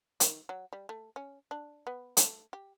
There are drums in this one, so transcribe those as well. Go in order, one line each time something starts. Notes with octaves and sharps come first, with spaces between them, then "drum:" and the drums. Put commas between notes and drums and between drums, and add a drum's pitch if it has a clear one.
D#3, drum: hi-hat
F#3
G3
A3
C#4
D4
B3
A3, drum: hi-hat
G4